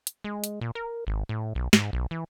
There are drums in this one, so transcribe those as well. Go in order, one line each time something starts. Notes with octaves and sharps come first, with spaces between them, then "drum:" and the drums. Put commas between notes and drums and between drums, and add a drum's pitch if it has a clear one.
drum: hi-hat
G#3
drum: hi-hat
A#2
A#4
G#1
A2
B1
G#2, drum: snare
B1
E3